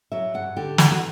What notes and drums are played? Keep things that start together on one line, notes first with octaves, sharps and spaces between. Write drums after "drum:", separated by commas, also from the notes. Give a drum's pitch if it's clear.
F#3 E5
G2 F#5
D3 G4
B3 F#4, drum: snare
F#4